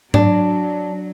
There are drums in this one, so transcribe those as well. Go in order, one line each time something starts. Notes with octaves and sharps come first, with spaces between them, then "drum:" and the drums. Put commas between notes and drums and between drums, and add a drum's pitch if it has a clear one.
F#3 D4, drum: tom G#2